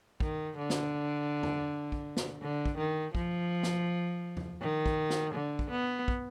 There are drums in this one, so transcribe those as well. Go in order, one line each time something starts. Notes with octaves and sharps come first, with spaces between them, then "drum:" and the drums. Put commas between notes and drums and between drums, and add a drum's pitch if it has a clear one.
D#3, drum: kick
D3
drum: snare
drum: tom
drum: kick
drum: snare
D3
drum: kick
D#3
F3, drum: kick
drum: snare
drum: tom
D#3
drum: kick
drum: snare
D3
drum: kick
B3
drum: kick